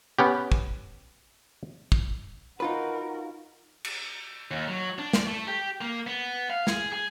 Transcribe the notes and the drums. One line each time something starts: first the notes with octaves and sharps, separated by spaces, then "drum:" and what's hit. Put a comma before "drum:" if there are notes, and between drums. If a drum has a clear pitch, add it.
B3 C#4 G4
drum: kick
drum: kick
D#4 F4 F#4 A#4 B4
drum: cymbal
D#2
F#3
D4
D5, drum: snare
A3
G4
A#3
B3
F5
G#4, drum: snare
G#4